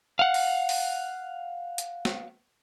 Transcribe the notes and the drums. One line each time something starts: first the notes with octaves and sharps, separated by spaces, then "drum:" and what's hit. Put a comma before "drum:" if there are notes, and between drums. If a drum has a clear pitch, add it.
F5 F#5
drum: open hi-hat
drum: open hi-hat
drum: hi-hat
drum: snare